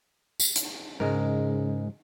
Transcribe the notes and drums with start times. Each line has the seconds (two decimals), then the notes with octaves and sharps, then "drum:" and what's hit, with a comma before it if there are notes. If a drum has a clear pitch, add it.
0.40 drum: tambourine
0.56 drum: hi-hat
1.00 G#2 C#3 G#3 A#4